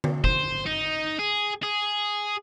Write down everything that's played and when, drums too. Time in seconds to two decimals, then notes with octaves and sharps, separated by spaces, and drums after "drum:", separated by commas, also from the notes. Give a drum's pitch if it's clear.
0.04 drum: tom D3
0.24 C5, drum: kick
0.66 D#4
1.19 G#4
1.63 G#4